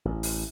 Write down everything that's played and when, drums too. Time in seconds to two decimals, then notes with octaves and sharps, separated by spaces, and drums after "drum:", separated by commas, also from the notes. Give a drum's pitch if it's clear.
0.05 A1
0.23 drum: open hi-hat